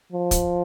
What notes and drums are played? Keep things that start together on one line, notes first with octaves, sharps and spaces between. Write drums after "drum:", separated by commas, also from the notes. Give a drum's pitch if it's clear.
F3
drum: kick, hi-hat